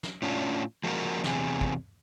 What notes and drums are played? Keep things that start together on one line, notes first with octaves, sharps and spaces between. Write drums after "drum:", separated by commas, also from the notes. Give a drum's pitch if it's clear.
drum: snare
A2 C#4 D4 F4
F3 G#3 A#3 F#4 A#4
E2 C3 G#4, drum: snare
drum: kick